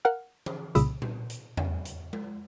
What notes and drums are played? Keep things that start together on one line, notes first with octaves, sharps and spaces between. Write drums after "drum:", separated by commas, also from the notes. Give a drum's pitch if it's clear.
A#4 F5 F#5 F6
drum: tom
C2 A#2 C#3 B5 D#6 E6, drum: hi-hat
drum: tom A#2
drum: hi-hat
drum: tom E2
drum: hi-hat
drum: tom G#3